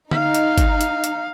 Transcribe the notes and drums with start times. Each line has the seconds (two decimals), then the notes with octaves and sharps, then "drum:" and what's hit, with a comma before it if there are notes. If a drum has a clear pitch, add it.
0.11 D#4 F5, drum: tom D3
0.35 drum: hi-hat
0.58 drum: kick, hi-hat
0.81 drum: hi-hat
1.04 drum: hi-hat